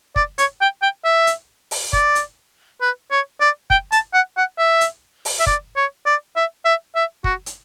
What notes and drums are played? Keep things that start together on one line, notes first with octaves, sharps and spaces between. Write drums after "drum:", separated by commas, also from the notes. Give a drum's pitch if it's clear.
D5, drum: kick
C#5, drum: hi-hat
G5
G5
E5
drum: hi-hat
drum: open hi-hat
D5, drum: kick
drum: hi-hat
B4
C#5
D5
G5, drum: kick
A5, drum: hi-hat
F#5
F#5
E5
drum: hi-hat
drum: open hi-hat
E5
D5, drum: kick
C#5
D5
E5
E5
E5
F#4, drum: kick
drum: hi-hat